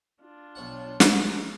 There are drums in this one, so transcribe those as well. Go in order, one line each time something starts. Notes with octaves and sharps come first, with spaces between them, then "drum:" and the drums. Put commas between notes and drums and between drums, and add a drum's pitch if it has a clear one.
D4 F4
B1 C#5 F#5
G#2 C#6, drum: snare